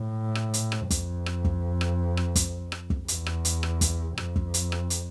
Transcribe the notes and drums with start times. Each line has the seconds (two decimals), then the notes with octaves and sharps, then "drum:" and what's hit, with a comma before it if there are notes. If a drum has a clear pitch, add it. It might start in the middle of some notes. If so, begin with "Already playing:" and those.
Already playing: A2
0.35 drum: rim click
0.54 drum: hi-hat
0.72 drum: rim click
0.90 F2, drum: kick, hi-hat
1.26 drum: rim click
1.45 drum: kick
1.81 drum: rim click
2.17 drum: rim click
2.36 drum: kick, hi-hat
2.72 drum: rim click
2.90 drum: kick
3.08 E2, drum: hi-hat
3.26 drum: rim click
3.45 drum: hi-hat
3.63 drum: rim click
3.81 drum: kick, hi-hat
4.18 F2, drum: rim click
4.36 drum: kick
4.54 drum: hi-hat
4.72 drum: rim click
4.90 drum: hi-hat